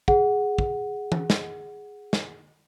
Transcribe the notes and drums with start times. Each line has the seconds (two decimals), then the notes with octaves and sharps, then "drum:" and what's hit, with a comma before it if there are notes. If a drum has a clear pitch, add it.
0.08 G#4 F#5, drum: kick
0.58 drum: kick
1.12 drum: tom E3
1.30 drum: snare
2.13 drum: snare